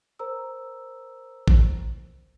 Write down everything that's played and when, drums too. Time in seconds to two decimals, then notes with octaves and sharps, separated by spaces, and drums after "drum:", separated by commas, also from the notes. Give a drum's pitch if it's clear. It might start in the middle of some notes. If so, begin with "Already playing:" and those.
0.19 A#4 C5 A#5 E6
1.48 drum: kick A1